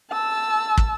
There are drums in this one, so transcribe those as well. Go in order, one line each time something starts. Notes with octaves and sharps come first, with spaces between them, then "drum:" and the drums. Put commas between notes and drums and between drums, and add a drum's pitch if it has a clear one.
A5 E6
drum: kick